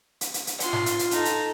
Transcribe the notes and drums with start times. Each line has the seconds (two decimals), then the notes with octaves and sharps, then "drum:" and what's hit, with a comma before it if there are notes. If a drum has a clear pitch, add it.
0.21 drum: hi-hat
0.34 drum: hi-hat
0.47 drum: hi-hat
0.60 F4 F#5 C6, drum: hi-hat
0.73 drum: snare G#2
0.86 drum: hi-hat
0.99 drum: hi-hat
1.11 D#4 A4, drum: hi-hat
1.25 drum: hi-hat